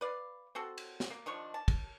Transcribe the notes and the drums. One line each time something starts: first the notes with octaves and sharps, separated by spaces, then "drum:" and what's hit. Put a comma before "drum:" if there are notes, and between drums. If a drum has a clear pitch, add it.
B4 D5 F5
C4 F#4 A4
drum: cymbal
drum: snare
A#3
D#3 F3 D4 C#6
A5
drum: kick, cymbal